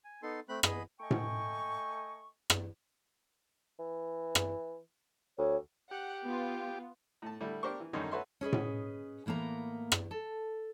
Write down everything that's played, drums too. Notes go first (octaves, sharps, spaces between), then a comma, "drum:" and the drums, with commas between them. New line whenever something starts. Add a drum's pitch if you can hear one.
G#5
B3 D#4 A4 C6
A3 C4 B5 F#6
B3 G#4 D#5 B5, drum: rim click
A3 D#5 G5 G#5 C#6
drum: tom A2
drum: rim click
E3
drum: rim click
D2 C#5
G4 F#5
B3 F4
A2 A5
D3 G3 A3 E4
D4 G4 A#4 C5 C#6
E3
F#2 D3 D#3 G3 C#4 D#4
F#4 A4 B4 C#5 E5 C6
C#4 G#4 B4 D#5
drum: tom A2
A2 E3 A#3 B3 A#5
drum: rim click
A4